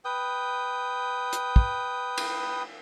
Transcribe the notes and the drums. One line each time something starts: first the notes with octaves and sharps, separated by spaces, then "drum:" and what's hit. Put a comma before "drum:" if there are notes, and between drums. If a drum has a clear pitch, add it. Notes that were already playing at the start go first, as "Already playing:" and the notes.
B4 G5 D#6
drum: hi-hat
drum: kick
drum: cymbal